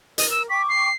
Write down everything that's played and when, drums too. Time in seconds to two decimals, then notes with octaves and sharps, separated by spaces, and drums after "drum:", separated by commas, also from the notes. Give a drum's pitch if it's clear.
0.18 A#4 D#5, drum: hi-hat
0.30 E6
0.50 G5 C#6 D6 B6
0.69 C7